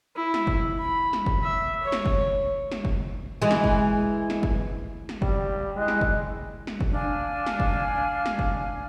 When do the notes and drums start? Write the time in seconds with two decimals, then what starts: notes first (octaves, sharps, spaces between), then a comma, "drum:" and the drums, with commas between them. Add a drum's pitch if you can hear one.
0.16 E4
0.34 drum: snare
0.47 drum: kick F#1
0.79 B5
1.13 drum: snare
1.26 drum: kick F#1
1.43 E5
1.83 C#5
1.92 drum: snare
2.06 drum: kick F#1
2.71 drum: snare
2.85 drum: kick F#1
3.42 E3 G#3
3.51 drum: snare
3.64 drum: kick F#1
4.30 drum: snare
4.43 drum: kick F#1
5.09 drum: snare
5.22 G3, drum: kick F#1
5.76 G#3 E4 D#5 F#6
5.88 drum: snare
6.01 drum: kick F#1
6.67 drum: snare
6.81 drum: kick F#1
6.94 D4 F5 G#5 F6
7.46 drum: snare
7.60 drum: kick F#1
8.26 drum: snare
8.39 drum: kick F#1